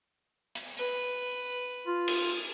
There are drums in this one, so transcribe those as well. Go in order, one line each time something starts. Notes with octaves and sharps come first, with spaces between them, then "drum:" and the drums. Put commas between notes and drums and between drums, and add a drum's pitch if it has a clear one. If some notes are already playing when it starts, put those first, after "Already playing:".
drum: hi-hat
B4
F4
drum: cymbal